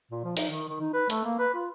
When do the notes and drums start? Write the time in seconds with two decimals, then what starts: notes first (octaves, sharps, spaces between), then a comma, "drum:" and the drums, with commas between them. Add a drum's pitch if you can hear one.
0.11 A#2
0.24 F3
0.37 D#4, drum: open hi-hat
0.50 D#3
0.68 D#3
0.80 D#4
0.93 B4
1.10 A3, drum: hi-hat
1.24 A#3
1.39 B4
1.54 F4